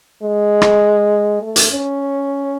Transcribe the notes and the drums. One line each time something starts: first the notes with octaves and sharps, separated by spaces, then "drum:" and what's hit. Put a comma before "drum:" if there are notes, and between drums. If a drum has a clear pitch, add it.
G#3
drum: rim click
A3
drum: hi-hat
C#4